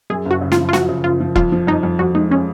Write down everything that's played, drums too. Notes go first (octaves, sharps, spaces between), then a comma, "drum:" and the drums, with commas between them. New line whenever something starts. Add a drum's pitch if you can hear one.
F#2 G#4
F#1
F#4
C#3
F4, drum: snare
F3
F4
F3 F#4, drum: snare
C#3
F#1 F4
F3
F2 F4, drum: kick E1
F3
F2 D#4
F2
F2 F#4
G#3 D#4
G#3 C#4